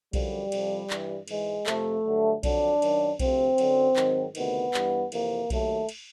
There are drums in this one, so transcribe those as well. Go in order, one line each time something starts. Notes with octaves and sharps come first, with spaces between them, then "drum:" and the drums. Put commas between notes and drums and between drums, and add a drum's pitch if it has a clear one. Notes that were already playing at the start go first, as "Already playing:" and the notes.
F#2 D3 F3 G3, drum: kick B1, cymbal
F2 C3 F3, drum: cymbal
G2 E3, drum: clap
G#2 E3 G#3, drum: cymbal
F2 C3 F3 A3, drum: clap
G2 D3 F#3
F2 D3 F#3 D4, drum: kick B1, cymbal
F#2 D#3 F#3, drum: cymbal
D2 C3 F3 C4, drum: kick B1, cymbal
F#2 D3 F#3, drum: cymbal
G#2 D#3 F#3, drum: clap
D2 C3 D#3 B3, drum: cymbal
G2 E3, drum: clap
F2 C3 E3 A#3, drum: cymbal
D#2 D#3 F#3 A3, drum: kick B1, cymbal
drum: cymbal